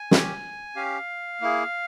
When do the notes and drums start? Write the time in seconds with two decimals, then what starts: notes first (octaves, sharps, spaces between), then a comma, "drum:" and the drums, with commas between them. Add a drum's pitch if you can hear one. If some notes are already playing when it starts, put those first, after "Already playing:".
Already playing: G#5
0.11 C#4 G4, drum: snare
0.76 C#4 G4 F5
1.41 A#3 E4 G#4